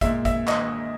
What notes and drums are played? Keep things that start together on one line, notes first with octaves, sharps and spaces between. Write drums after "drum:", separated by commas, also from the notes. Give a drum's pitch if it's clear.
A#2 G#3 E5, drum: kick G#1, hi-hat
E5, drum: kick G#1, hi-hat
D#5, drum: clap